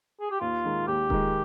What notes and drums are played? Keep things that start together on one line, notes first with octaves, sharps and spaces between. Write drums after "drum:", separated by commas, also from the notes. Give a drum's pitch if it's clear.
G#4
G4
D#2 F4
D#3 G#3
D#2 G4
D#3 G#3, drum: kick D#1